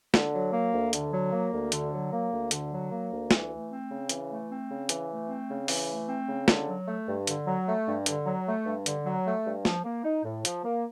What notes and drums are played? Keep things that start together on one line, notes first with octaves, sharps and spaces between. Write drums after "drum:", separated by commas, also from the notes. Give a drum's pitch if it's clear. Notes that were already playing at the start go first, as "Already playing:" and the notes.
D3, drum: snare
F#3
A#3
D2
D3, drum: hi-hat
F#3
A#3
D2
D3, drum: hi-hat
F#3
A#3
D2
D3, drum: hi-hat
F#3
A#3
D2
E3, drum: snare
A3
C4
C#3
E3, drum: hi-hat
A3
C4
C#3
E3, drum: hi-hat
A3
C4
C#3
E3, drum: open hi-hat
A3
C4
C#3
D3, drum: snare
F#3
A3
G2
D3, drum: hi-hat
F#3
A3
G2
D3, drum: hi-hat
F#3
A3
G2
D3, drum: hi-hat
F#3
A3
G2
F3, drum: snare
A#3
D#4
A2
F3, drum: hi-hat
A#3